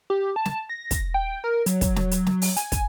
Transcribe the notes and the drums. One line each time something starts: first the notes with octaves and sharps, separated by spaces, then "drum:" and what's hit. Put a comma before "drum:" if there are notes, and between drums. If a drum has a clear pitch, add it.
G4
A5
drum: snare
A#6
drum: kick, hi-hat
G5
A#4
F#3, drum: hi-hat
drum: kick, hi-hat
drum: snare
drum: hi-hat
drum: snare
drum: open hi-hat
G#5, drum: hi-hat
drum: kick, hi-hat